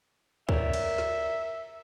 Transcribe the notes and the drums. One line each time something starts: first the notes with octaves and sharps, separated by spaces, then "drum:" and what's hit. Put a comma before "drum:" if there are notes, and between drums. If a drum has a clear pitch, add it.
A#4 C#5 D5 E5, drum: kick C#2
drum: cymbal
drum: snare